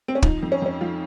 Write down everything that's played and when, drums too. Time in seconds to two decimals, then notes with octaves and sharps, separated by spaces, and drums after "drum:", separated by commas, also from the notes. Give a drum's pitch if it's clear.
0.08 C4
0.15 C#4
0.23 F3 D#4, drum: kick
0.42 F2
0.52 C#4
0.62 F2 C#4
0.81 F3 F4